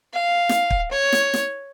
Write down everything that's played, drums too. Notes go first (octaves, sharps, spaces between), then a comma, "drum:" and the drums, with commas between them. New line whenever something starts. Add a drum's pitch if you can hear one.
F5
drum: snare
drum: kick
C#5
drum: snare
drum: snare